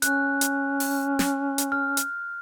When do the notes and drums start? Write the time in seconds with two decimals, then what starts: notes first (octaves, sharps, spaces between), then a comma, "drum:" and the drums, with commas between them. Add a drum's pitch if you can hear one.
0.02 C#4 F#6, drum: hi-hat
0.41 drum: hi-hat
0.80 drum: open hi-hat
1.19 drum: snare
1.58 drum: hi-hat
1.72 F6
1.97 drum: hi-hat